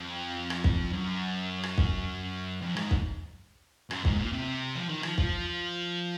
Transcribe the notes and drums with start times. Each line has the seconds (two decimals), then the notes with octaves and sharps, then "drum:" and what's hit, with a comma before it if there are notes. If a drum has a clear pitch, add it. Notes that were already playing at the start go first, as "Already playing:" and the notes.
Already playing: F2
0.50 drum: rim click
0.64 drum: kick
0.93 F#2
1.63 drum: rim click
1.78 drum: kick
2.62 F2
2.77 G#2, drum: rim click
2.91 drum: kick
3.91 F#2, drum: rim click
4.05 G#2, drum: kick
4.18 A#2
4.33 C3
4.75 F3
4.89 D#3
5.03 F3, drum: rim click
5.18 F3, drum: kick